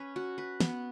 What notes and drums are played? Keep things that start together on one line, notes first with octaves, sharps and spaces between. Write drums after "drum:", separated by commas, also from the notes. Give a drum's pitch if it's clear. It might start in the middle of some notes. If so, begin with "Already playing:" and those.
Already playing: C#4 B4
F#4
B4
B3, drum: snare